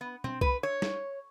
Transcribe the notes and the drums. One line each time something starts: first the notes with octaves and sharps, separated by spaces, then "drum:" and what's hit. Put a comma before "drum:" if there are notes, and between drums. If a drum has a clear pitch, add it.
B3
C4, drum: tom B2
B4, drum: kick C2
C#5
drum: snare